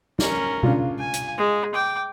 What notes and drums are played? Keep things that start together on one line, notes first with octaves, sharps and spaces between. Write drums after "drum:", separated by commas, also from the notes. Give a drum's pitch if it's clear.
C#4 A#4, drum: snare
C#3 D4 F4, drum: tom B2
G#5
drum: hi-hat
G#3
G5 D6